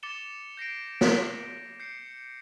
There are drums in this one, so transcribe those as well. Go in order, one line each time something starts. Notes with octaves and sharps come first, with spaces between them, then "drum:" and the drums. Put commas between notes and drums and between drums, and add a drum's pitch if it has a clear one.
D6 A6 C#7 E7 G7
G6 A#6 C7 D7
drum: snare
G6 C7 C#7